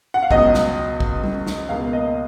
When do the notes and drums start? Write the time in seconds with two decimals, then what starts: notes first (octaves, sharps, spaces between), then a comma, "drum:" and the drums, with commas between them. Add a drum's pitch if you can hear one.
0.14 F#5
0.23 F5
0.31 C#2 B2 F#3 D#5, drum: kick
0.54 drum: snare
1.00 drum: kick
1.24 drum: tom G3
1.47 drum: snare
1.69 C#2 B2 A#3 F5
1.93 D#5